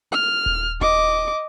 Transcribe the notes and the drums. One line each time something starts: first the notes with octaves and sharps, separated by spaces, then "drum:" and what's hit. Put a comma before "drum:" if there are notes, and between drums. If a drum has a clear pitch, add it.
F6
drum: kick D#1
D#5 D6, drum: kick D#1